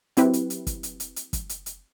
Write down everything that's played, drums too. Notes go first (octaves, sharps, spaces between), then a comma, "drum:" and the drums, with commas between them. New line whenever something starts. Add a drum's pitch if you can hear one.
F#3 C4 E4 G4 B4, drum: hi-hat
drum: hi-hat
drum: hi-hat
drum: kick, hi-hat
drum: hi-hat
drum: hi-hat
drum: hi-hat
drum: kick, hi-hat
drum: hi-hat
drum: hi-hat